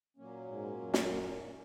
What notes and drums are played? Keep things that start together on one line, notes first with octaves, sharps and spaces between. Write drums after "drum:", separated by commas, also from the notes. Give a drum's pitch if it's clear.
A#2 F#3 A#3 C#4
G#2
F#2
drum: snare
C#4